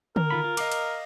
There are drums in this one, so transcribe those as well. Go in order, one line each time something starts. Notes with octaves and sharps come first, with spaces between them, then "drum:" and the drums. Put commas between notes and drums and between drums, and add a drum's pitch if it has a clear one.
A#4, drum: tom D3
D#3 F4 B5
F4
D#5 F5 D6, drum: cymbal
drum: cymbal